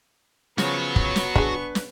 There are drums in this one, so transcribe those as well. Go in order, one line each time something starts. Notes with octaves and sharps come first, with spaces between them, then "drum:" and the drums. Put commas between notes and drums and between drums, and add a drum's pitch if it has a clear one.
C#3 F3 B3 F#4 C#5 C#6, drum: snare
drum: kick
drum: snare
D4 G#4 B4, drum: kick
drum: snare